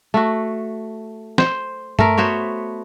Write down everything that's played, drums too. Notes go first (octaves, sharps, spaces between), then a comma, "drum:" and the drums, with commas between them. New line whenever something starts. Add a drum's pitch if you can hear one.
A3 F#4
C5, drum: snare
A3 A#4, drum: tom G2
B3 F#4 C5 C#5